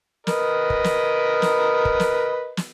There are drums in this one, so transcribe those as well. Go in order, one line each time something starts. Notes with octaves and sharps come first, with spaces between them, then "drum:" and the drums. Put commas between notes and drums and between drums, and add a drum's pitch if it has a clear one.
A#4 B4 D#5, drum: snare
drum: kick
drum: snare
drum: snare
drum: kick
drum: snare
drum: snare